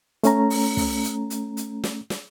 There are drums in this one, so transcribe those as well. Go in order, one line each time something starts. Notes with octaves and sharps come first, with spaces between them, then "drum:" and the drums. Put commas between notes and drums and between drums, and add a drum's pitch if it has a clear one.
A3 C#4 A#5, drum: hi-hat
drum: open hi-hat
drum: kick, open hi-hat
drum: hi-hat
drum: hi-hat
drum: hi-hat
drum: snare
drum: snare